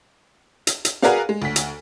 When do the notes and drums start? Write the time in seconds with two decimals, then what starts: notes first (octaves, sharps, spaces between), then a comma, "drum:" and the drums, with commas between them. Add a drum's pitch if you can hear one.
0.67 drum: hi-hat
0.85 drum: hi-hat
1.02 F#4 G#4 A#4 B4 D5 F5, drum: snare
1.29 G#3
1.42 D2 B6
1.56 drum: hi-hat